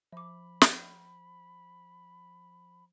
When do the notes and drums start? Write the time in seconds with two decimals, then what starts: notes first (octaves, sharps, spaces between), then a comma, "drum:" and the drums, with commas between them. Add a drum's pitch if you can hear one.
0.12 F3 E5 B5 D6
0.61 drum: snare